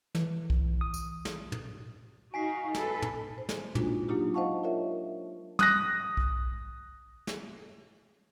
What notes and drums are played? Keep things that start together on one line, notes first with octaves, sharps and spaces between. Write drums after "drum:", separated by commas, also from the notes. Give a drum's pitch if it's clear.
E3, drum: snare
drum: kick B1
D#6
drum: tambourine
drum: snare
drum: tom
D#4 F#4 F5 G#5 B6 C7
A4 B4, drum: snare
drum: tom
C5
drum: snare
G#3 A#3 D4 D#4 F4 F#4, drum: tom
F#3 A#3 D4 D#4 F4 G4
C5 D#5 F5 F#5 A5 C#6
F4 A#4 C#5 E5
D#6 F#6 A#6, drum: tom
drum: kick B1
drum: snare